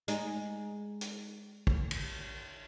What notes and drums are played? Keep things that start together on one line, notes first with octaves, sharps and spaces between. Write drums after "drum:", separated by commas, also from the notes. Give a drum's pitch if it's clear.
G#3 D#4, drum: hi-hat
drum: hi-hat
drum: kick
drum: cymbal